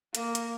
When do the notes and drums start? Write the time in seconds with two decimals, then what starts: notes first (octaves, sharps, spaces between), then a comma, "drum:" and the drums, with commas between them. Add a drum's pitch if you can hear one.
0.15 A#3, drum: hi-hat
0.35 drum: hi-hat